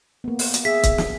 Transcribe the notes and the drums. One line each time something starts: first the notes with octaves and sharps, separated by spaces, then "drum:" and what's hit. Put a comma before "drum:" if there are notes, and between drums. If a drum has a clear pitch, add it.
A#3 B3
drum: open hi-hat
drum: hi-hat
G#4 E5 B6
drum: kick C#1, hi-hat
drum: snare